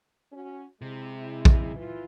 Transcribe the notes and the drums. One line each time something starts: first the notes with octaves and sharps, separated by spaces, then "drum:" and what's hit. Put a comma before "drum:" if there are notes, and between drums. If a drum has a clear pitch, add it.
C#4 F#4
C3 G#3 E4
drum: kick
E3 F4